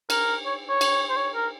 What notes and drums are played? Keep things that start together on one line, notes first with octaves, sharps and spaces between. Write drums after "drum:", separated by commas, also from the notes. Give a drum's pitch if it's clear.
A#4, drum: cymbal
C#5
C#5
drum: cymbal
C5
C#5
A#4